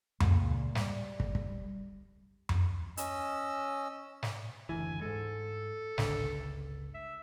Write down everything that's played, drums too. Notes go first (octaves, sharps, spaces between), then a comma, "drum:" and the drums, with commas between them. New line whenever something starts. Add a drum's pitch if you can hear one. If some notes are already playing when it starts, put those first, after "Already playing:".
C#2 A#2 C#3 G#3, drum: tom F2
G3, drum: snare
drum: kick
drum: kick
drum: tom F2
C#4 D#5 E6, drum: hi-hat
drum: snare
F#1 D2 E3 G#5
G#2 G#3 A4
G1 C#2 D3, drum: snare
E5